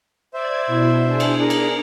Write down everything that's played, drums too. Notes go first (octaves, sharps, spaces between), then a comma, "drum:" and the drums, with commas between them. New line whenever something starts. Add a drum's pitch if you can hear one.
C5 D5 E5 G#6
B2 E4
D4 G#4
drum: cymbal
A#4
drum: cymbal